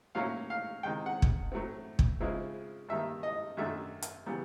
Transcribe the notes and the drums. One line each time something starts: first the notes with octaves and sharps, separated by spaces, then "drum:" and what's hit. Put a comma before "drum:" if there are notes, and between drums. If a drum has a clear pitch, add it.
A2 F#3 A#3 C#4 E4 F5
F5
C3 D#3 G#3 G5
F#5
drum: kick
A2 F#3 A3 C4
drum: kick
C#3 F3 G#3 C4 E4
G2 D#3 G3 A#3 E5
D#5
F#2 D#3 F#3 A3 D4 E5
drum: hi-hat
C#3 E3 G3 B3